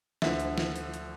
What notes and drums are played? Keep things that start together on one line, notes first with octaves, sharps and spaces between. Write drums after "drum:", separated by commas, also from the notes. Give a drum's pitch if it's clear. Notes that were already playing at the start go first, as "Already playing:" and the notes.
D2 D3 F3 E5, drum: snare
drum: hi-hat
drum: snare
drum: hi-hat
drum: hi-hat